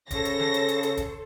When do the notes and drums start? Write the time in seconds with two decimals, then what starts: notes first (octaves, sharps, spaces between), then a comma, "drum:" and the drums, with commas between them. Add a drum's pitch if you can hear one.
0.11 C#3 A4 C5 C#5 A#6, drum: kick E1, hi-hat
0.25 drum: hi-hat
0.39 drum: snare
0.54 drum: hi-hat
0.68 drum: hi-hat
0.83 drum: hi-hat
0.97 drum: kick E1, hi-hat